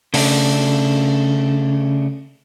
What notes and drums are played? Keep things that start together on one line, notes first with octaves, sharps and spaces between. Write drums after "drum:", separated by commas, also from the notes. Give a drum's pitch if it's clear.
C#3 A3 D4, drum: open hi-hat